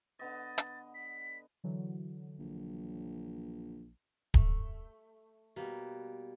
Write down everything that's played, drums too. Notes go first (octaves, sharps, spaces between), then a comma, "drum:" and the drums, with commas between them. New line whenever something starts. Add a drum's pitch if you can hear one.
D3 B3 D#5 A6
drum: hi-hat
B6
D3 E3 F#3
A#1
A3, drum: kick D1
B2 G3 A#3